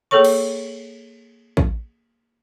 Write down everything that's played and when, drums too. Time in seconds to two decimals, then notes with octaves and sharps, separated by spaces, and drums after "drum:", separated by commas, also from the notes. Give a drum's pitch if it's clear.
0.11 A#3 G#4 A4 C#5 C#6
0.25 drum: cymbal
1.57 drum: kick A1